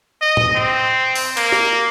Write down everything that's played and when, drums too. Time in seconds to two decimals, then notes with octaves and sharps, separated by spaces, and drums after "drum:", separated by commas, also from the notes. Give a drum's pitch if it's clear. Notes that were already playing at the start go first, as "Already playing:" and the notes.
0.21 D#5
0.37 drum: tom
0.55 C4
1.15 drum: open hi-hat
1.37 A#3, drum: cymbal
1.52 drum: snare